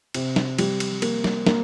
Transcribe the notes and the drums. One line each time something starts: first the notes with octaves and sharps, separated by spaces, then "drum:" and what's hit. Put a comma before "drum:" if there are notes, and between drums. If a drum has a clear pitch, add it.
C3, drum: cymbal
drum: snare
G3, drum: cymbal
drum: cymbal
A#3, drum: cymbal
drum: snare
A#3, drum: snare